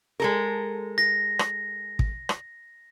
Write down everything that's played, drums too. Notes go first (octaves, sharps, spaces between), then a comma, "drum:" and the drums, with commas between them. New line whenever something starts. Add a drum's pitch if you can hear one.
G#3 A4 A#4
A#6
drum: rim click
drum: kick
drum: rim click